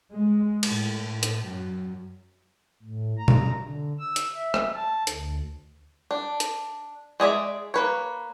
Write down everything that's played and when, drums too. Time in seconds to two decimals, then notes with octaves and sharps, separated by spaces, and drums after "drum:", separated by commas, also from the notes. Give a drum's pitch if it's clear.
0.13 G#3
0.63 A2, drum: cymbal
1.23 drum: hi-hat
1.47 F#2
2.83 A2
3.18 A#5
3.28 drum: tom B2
3.61 D3
3.99 E6
4.16 drum: hi-hat
4.35 E5
4.54 drum: rim click
4.75 A5
5.07 D2, drum: hi-hat
6.11 D4
6.40 drum: hi-hat
7.20 G#3 G#4 D5 E5
7.74 A#3 B4 C#5